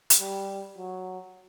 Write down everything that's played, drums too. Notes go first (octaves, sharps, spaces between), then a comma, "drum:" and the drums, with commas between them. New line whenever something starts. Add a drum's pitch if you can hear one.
drum: hi-hat
G3
F#3